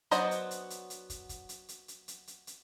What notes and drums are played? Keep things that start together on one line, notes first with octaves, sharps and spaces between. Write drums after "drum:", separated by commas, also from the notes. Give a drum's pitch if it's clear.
F#3 B3 D4 C5 D#5, drum: hi-hat
drum: hi-hat
drum: hi-hat
drum: hi-hat
drum: hi-hat
drum: kick, hi-hat
drum: kick, hi-hat
drum: hi-hat
drum: hi-hat
drum: hi-hat
drum: hi-hat
drum: hi-hat
drum: hi-hat